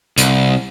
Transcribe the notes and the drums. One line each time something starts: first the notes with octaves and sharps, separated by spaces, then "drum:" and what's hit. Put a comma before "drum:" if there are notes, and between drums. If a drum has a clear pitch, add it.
C2, drum: hi-hat